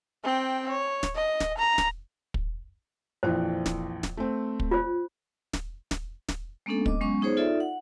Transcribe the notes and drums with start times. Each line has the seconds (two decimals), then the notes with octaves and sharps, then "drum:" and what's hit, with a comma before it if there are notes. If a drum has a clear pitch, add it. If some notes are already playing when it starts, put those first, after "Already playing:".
0.24 C4 G5
0.70 C#5
1.03 drum: snare
1.15 D#5
1.40 drum: snare
1.58 A#5
1.78 drum: snare
2.34 drum: kick
3.23 A#1 F2 E3 C5
3.66 drum: snare
4.03 drum: snare
4.17 A3 C4
4.60 drum: kick
4.71 F4 C5
5.53 drum: snare
5.91 drum: snare
6.29 drum: snare
6.66 G#3 A#3 B3 C#4 D4 A4
6.86 D#5 D6, drum: kick
7.01 F#3 G#3 B3 C#4 C#6
7.21 B3 D#4 G#4 C5 C#5
7.37 D#4 F4 A4 D5 E5
7.60 F#5